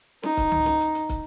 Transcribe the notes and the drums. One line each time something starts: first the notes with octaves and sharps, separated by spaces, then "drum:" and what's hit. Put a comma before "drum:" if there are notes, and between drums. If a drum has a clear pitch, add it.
D#4, drum: snare
drum: kick, hi-hat
drum: tom C#2
drum: snare
drum: hi-hat
drum: hi-hat
drum: kick, hi-hat